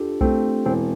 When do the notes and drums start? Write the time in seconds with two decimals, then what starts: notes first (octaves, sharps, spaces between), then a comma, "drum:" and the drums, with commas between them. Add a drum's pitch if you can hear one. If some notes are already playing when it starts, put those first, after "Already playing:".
Already playing: D4 F4 G4 A4
0.21 A3 C4, drum: kick B1
0.66 E1 C4